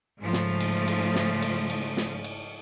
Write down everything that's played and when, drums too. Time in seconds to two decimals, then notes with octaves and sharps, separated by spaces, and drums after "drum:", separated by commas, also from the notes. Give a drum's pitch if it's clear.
0.19 G#2 C#3 F3 A3
0.33 drum: snare
0.60 drum: cymbal
0.88 drum: cymbal
1.15 drum: snare
1.42 drum: cymbal
1.70 drum: cymbal
1.97 drum: snare
2.24 drum: cymbal